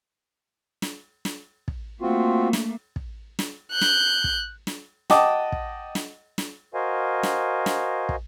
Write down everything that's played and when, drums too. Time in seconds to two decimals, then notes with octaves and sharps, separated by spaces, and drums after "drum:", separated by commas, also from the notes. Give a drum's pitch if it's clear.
0.82 drum: snare
1.25 drum: snare
1.68 drum: kick
2.02 A3 A#3 C4 F4 F#4
2.53 drum: snare
2.96 drum: kick
3.39 drum: snare
3.72 F#6 G6
3.81 drum: snare
4.24 drum: kick
4.67 drum: snare
5.10 D#5 F#5 G5 A5 D6 D#6, drum: snare
5.52 drum: kick
5.95 drum: snare
6.38 drum: snare
6.74 F#4 A#4 C5 D#5 F5 G#5
7.23 drum: snare
7.66 drum: snare
8.09 drum: kick